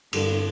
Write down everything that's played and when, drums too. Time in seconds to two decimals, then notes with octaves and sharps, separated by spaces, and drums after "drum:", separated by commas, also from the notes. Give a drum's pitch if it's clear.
0.13 G2 D3, drum: cymbal